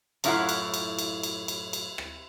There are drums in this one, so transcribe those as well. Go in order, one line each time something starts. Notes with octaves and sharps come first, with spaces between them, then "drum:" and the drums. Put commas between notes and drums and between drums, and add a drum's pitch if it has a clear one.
F#2 A2 E4 F4 F5 F#5, drum: cymbal
drum: cymbal
drum: cymbal
drum: cymbal
drum: cymbal
drum: cymbal
drum: cymbal
drum: rim click